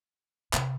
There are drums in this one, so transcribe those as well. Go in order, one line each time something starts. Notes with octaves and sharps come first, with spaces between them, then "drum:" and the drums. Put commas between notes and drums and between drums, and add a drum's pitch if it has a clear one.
C3, drum: clap